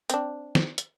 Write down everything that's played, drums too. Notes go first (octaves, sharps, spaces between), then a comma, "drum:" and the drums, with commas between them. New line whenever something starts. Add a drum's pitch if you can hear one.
C4 D4, drum: hi-hat
drum: snare
drum: hi-hat